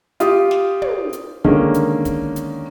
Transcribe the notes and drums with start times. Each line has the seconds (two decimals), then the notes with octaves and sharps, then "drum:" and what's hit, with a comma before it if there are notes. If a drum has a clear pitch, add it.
0.20 F4 G4 D#6, drum: hi-hat
0.51 drum: snare
0.82 drum: tom
1.13 drum: hi-hat
1.44 D3 D#3 G#3 A#3 C#4, drum: kick
1.74 drum: hi-hat
2.05 drum: kick, hi-hat
2.36 drum: hi-hat